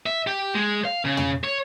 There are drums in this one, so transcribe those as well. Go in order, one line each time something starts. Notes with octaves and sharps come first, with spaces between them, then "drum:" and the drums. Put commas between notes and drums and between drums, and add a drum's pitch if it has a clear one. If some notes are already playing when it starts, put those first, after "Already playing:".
E5
G4
G#3
F5
C#3
drum: tom
C#5